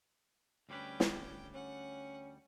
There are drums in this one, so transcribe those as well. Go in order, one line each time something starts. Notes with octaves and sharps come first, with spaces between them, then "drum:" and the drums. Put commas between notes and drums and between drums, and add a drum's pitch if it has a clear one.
D2 G3 C#4 B4 G5
drum: snare
C#4 F#5